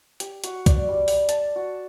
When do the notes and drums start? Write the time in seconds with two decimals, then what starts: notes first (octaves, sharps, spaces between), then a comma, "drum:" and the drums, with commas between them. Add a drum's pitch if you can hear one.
0.20 G4, drum: hi-hat
0.44 F#4, drum: hi-hat
0.66 D5, drum: kick C2, hi-hat
0.88 G3
1.08 drum: open hi-hat
1.29 A5, drum: hi-hat
1.56 F#4